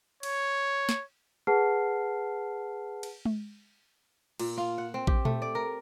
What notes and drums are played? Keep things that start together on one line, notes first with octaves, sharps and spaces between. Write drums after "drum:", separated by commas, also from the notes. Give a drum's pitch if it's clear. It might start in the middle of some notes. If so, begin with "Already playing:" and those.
C#5, drum: cymbal
drum: snare
G#4 B4 F#5 A5 F6 C7
drum: cymbal
drum: tom G#3
A#2, drum: cymbal
F4
F#5
C4
G4, drum: kick A#1
A3, drum: tom A#2
D5
A#4